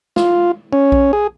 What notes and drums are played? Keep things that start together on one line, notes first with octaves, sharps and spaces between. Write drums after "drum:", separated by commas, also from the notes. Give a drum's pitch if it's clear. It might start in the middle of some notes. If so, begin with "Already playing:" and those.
F4, drum: snare
C#4
drum: kick A#1
G#4